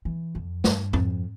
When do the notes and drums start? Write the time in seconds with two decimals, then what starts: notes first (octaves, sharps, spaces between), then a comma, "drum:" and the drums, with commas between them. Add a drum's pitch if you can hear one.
0.05 E3
0.35 F2
0.64 G2, drum: snare A3
0.93 F2, drum: tom